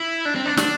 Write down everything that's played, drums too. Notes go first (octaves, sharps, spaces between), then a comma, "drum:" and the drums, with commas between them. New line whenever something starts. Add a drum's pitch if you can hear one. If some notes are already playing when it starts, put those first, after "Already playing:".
Already playing: E4
D4
C4
D4
D4, drum: snare